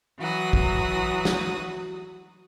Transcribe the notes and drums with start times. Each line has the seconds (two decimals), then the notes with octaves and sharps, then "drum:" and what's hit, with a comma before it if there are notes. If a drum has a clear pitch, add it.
0.19 E3 F#3 F#4 D#6
0.53 drum: kick
1.25 drum: snare